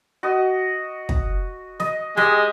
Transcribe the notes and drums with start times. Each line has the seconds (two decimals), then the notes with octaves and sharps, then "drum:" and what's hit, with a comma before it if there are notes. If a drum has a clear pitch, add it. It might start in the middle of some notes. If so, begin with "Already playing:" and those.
0.23 F#4 D#5
1.09 drum: kick
1.80 D#5, drum: snare
2.17 G#3 G4 D#5, drum: snare